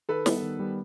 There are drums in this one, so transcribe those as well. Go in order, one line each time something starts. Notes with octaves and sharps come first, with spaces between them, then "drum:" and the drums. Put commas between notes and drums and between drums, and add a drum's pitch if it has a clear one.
D#3 A4 B4
G3 B3, drum: snare
D#3
G3 B3